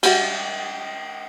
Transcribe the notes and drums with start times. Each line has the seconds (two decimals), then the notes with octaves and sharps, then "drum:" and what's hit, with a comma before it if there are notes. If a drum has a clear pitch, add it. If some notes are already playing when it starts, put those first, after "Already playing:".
0.03 G3 F#4, drum: cymbal